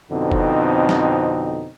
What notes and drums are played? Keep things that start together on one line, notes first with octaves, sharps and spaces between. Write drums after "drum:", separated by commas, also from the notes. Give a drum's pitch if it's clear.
F2 B2 D3 C4 D#4
drum: kick F1
drum: snare